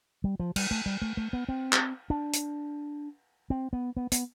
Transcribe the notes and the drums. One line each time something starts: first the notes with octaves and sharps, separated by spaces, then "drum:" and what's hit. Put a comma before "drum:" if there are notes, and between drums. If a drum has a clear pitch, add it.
G3
F3
G3, drum: cymbal
A3
G3
A3
A3
B3
C4
drum: clap
D4
drum: hi-hat
C4
B3
B3
B3, drum: hi-hat